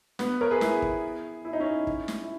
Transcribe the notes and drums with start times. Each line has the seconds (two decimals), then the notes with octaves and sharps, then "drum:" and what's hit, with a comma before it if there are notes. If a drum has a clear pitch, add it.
0.19 B3, drum: snare
0.41 A#4 C#5
0.51 G#4 B4
0.61 E4 G#4, drum: snare
0.82 drum: kick
1.45 E4
1.53 D#4
1.60 C#4 E4
1.87 drum: kick
2.08 drum: snare
2.23 E4